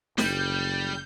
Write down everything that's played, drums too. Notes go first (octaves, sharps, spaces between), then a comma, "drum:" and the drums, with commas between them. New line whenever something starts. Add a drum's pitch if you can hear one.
F#1 G3 G6, drum: snare